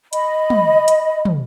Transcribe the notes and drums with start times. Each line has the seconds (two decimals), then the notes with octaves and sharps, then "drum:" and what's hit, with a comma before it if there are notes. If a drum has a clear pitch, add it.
0.13 D#5 B5, drum: hi-hat
0.50 drum: tom
0.88 drum: hi-hat
1.25 drum: tom